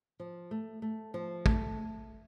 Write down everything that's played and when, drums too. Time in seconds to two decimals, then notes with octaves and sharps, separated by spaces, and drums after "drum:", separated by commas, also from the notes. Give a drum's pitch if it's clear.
0.20 F3
0.51 A3
0.82 A3
1.14 F3
1.46 A3, drum: kick